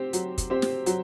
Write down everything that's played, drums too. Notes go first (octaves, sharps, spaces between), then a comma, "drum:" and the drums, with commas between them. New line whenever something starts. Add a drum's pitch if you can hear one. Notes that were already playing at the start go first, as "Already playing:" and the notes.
Already playing: C4 G4 C5
F#3, drum: hi-hat
drum: kick, hi-hat
C4 G4 C5
drum: snare
F#3, drum: hi-hat